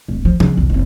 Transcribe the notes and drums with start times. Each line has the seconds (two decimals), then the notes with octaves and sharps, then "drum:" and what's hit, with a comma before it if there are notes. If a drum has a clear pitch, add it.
0.08 D1 A3
0.25 F3
0.40 C#3, drum: tom F3
0.57 B1 F2
0.70 F#1 C4